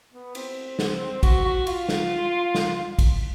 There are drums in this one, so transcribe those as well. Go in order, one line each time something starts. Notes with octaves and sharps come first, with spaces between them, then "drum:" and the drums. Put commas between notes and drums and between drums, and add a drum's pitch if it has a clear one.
B3
C4, drum: cymbal
drum: snare
F#4, drum: kick, cymbal
F#4
F4, drum: cymbal
drum: snare
drum: snare
drum: kick, cymbal